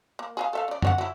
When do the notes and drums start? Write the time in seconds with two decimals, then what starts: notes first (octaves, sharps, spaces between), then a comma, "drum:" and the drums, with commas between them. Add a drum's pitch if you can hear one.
0.19 A#3
0.37 G#4 A4 F5
0.53 A4 E5 F5
0.68 C#3 D5
0.82 F#4 C#5 F#5, drum: tom F#2
0.98 F#3 E4